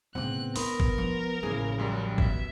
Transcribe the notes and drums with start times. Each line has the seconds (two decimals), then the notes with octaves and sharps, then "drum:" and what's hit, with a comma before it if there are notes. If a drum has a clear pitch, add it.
0.15 A2 C#3 B3 C4 F#5 F#6
0.56 D4 A#4 B5 C6 D#6, drum: open hi-hat
0.80 drum: kick
0.98 F3
1.43 A1 C#3 F3 A#3 E4 G#4
1.78 C#2 F#2 G3
2.18 B2 E5, drum: kick